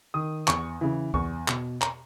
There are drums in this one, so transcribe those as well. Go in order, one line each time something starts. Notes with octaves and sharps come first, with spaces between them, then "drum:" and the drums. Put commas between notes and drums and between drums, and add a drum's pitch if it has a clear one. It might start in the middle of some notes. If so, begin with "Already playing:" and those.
D#3 D#6
E2 C#6, drum: clap
C#3 E3
E2 C#6, drum: kick C#2
B2, drum: clap
A#5, drum: clap